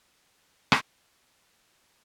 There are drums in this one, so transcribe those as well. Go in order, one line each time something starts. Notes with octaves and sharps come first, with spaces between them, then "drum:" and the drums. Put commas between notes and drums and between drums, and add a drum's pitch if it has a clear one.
E3 E4 C#5 C#6
drum: rim click
E4 C5 C#5 C#6 D6